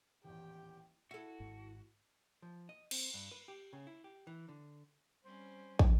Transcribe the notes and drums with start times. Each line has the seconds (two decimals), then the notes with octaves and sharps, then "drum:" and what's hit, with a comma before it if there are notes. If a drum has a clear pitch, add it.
0.24 D#1 A1 E2 G4 G5
1.11 E4 F#4 A4
1.40 G#1 G#2 A3
2.42 F3
2.69 D#5
2.91 C4, drum: cymbal
3.14 G2
3.31 B4
3.48 G4
3.73 C#3
3.87 E4
4.04 G4
4.27 E3
4.49 D3
5.24 G3 C4 C#4 C5
5.79 drum: kick